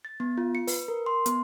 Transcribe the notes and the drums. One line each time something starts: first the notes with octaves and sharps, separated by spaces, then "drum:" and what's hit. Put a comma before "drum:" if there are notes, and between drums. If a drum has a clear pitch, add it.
A6
B3
F4
C#7
B4, drum: open hi-hat
A#4
C6
B3, drum: hi-hat